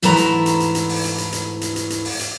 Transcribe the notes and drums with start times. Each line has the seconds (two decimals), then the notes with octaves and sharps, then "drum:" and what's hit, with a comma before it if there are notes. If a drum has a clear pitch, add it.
0.02 D2 G#2 E3 A3 E4 A#5, drum: hi-hat
0.17 drum: hi-hat
0.46 drum: hi-hat
0.60 drum: hi-hat
0.75 drum: hi-hat
0.89 drum: open hi-hat
1.04 drum: hi-hat
1.18 drum: hi-hat
1.33 drum: hi-hat
1.61 drum: hi-hat
1.76 drum: hi-hat
1.90 drum: hi-hat
2.05 drum: open hi-hat
2.19 drum: hi-hat